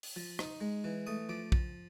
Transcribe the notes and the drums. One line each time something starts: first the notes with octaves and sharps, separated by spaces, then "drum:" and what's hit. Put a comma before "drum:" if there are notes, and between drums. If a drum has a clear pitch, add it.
drum: open hi-hat
F3
D#4, drum: rim click
G#3
E3
A3 D#6
F3 D6
F3, drum: kick